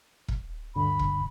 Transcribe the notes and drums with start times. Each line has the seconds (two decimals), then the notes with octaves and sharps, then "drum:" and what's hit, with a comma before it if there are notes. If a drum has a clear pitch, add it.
0.28 drum: kick E1
0.76 D2 G2 D3 B5
0.99 drum: kick E1